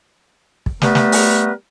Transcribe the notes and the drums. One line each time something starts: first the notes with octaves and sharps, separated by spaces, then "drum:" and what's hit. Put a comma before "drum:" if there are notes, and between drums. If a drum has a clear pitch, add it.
drum: kick
G3 A3 B3 A#4 B4, drum: snare
drum: snare
drum: open hi-hat